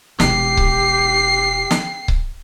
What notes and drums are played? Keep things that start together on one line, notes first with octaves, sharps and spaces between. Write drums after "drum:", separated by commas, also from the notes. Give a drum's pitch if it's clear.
E1 G4 G5 C7, drum: snare
drum: kick C#1
drum: snare
drum: kick C#1